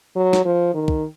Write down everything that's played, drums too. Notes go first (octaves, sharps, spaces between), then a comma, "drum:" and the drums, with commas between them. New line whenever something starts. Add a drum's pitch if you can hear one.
F#3
drum: snare
F3
D#3
drum: kick